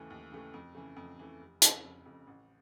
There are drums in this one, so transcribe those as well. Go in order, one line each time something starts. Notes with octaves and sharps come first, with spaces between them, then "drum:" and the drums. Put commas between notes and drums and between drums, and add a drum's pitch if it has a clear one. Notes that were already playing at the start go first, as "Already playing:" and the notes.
Already playing: D#2 C#3 E3 A3
D#2
C#3 E3 A3
F2
C#3 E3 A3
F2
C#3 E3 A3
F1
F2 C#3, drum: hi-hat
F1
F2 C#3
A1